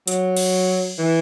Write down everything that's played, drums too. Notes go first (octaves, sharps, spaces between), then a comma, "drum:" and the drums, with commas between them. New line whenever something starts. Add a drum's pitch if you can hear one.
F#3, drum: hi-hat
drum: cymbal
E3